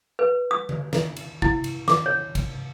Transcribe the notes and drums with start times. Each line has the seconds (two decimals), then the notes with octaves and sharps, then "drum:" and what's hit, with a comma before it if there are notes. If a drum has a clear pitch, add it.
0.19 B4
0.51 D#6
0.69 drum: tom D3
0.93 drum: snare
1.17 drum: cymbal
1.42 E4, drum: kick
1.64 drum: cymbal
1.88 D6, drum: snare
2.06 C#5
2.35 drum: kick, cymbal